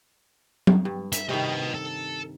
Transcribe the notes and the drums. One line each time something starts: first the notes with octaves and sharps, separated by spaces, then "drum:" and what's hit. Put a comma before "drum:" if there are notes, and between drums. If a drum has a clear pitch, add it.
drum: tom F#3
G2
E5, drum: hi-hat
C3 D#3 B4 D#5
A4